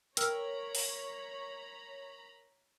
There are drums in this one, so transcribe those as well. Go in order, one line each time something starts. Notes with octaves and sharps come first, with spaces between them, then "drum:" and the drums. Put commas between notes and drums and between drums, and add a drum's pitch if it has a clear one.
A#4 C#5 G5 A#5 B5 E6 F6, drum: hi-hat
drum: open hi-hat